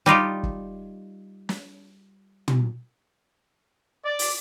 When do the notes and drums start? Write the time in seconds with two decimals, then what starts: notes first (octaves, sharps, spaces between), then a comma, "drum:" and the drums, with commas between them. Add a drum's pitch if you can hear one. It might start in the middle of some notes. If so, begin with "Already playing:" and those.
0.06 G3 D#4 F4 G4
0.43 drum: kick
1.49 drum: snare
2.48 drum: tom
4.05 D5
4.19 drum: open hi-hat